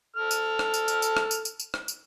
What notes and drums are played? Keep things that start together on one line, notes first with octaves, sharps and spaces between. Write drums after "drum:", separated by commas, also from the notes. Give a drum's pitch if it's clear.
A4 F6
drum: tambourine
drum: rim click
drum: tambourine
drum: tambourine
drum: tambourine
drum: rim click
drum: tambourine
drum: tambourine
drum: tambourine
drum: rim click
drum: tambourine